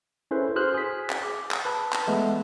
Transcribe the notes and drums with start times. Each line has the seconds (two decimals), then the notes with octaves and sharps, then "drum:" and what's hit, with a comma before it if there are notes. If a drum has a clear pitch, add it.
0.31 C#4 E4 G#4 A4 B4 C5
0.56 F#4 G#4 C5 F6 F#6
0.74 G#4 B6
1.10 drum: clap
1.23 D6
1.51 drum: clap
1.65 B4 A5 B5
1.93 drum: clap
2.07 E3 G#3 A3 B3